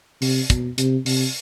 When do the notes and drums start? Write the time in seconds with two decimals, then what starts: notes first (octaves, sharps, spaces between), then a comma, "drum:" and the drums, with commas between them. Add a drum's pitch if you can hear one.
0.22 C3, drum: open hi-hat
0.50 B2, drum: kick, hi-hat
0.78 C3, drum: hi-hat
1.06 C3, drum: open hi-hat